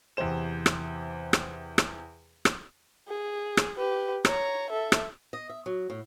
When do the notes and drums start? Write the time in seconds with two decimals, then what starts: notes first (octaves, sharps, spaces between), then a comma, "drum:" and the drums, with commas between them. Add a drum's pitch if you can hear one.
0.17 E2 C3 G4 C5 E7
0.66 drum: rim click
1.33 drum: rim click
1.78 drum: rim click
2.45 drum: rim click
3.08 G#4
3.57 drum: rim click
3.77 G4 B4
4.25 C#5 A#5, drum: rim click
4.70 A4 E5
4.92 drum: rim click
5.33 D#5
5.49 E5
5.66 F#3
5.90 A2